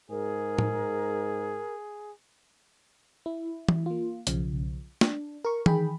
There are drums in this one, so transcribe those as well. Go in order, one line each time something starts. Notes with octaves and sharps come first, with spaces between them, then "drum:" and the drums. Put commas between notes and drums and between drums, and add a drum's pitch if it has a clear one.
G#2 G#4 A#4
drum: tom A2
E4
drum: tom E3
A#3 F4
B1 C#3 F3, drum: hi-hat
D4, drum: snare
A#4 C#6
D#3 G#4 G5 B5, drum: tom E3